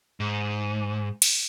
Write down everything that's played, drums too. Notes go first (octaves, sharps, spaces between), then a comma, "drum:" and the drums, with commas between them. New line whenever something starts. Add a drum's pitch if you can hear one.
G#2
drum: cymbal